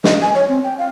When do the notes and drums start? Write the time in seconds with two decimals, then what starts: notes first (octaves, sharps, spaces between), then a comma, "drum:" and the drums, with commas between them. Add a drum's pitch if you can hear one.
0.04 D#5, drum: snare
0.21 G#5
0.35 C#5
0.48 C4
0.64 G5
0.78 F5